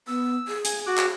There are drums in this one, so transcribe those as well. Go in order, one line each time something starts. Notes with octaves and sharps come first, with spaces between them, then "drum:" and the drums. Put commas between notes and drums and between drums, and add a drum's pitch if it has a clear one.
B3 E6
G#4
G#5, drum: hi-hat
F#4 D6 F#6
drum: clap